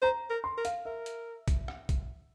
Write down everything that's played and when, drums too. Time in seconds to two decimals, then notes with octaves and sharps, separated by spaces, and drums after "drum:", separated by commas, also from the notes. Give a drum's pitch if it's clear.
0.02 C5 A#5
0.30 A#4
0.44 C6
0.58 A#4
0.65 F5, drum: hi-hat
0.85 A#4 E5
1.06 drum: hi-hat
1.48 drum: kick A#1, hi-hat
1.68 drum: rim click
1.89 drum: kick A#1, hi-hat